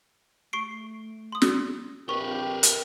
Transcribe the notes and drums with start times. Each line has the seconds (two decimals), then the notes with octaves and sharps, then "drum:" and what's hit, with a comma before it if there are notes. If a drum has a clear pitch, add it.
0.53 A3 C#6 C7 D7
1.32 C6 D#6
1.42 drum: snare
2.09 A#1 C4 G4 A#4 B4 C#6
2.63 drum: hi-hat